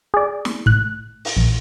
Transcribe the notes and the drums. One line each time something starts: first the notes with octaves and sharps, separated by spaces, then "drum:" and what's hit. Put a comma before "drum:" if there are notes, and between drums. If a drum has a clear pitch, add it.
G#4 D5
drum: snare
A2 F#6, drum: kick
drum: open hi-hat
A#1